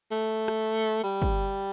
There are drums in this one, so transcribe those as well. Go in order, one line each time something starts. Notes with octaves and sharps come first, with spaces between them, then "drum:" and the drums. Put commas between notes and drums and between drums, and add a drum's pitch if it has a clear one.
A3
drum: rim click
G3
drum: kick